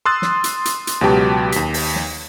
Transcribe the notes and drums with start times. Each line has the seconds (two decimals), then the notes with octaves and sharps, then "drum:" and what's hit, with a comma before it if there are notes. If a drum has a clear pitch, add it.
0.05 C6 D#6 E6 F#6 A6
0.22 drum: snare
0.44 drum: hi-hat
0.65 drum: hi-hat
0.87 drum: hi-hat
1.01 C#2 B2 F#3 G4 B4 A5
1.52 D#2 B6, drum: hi-hat
1.74 drum: open hi-hat
1.96 drum: snare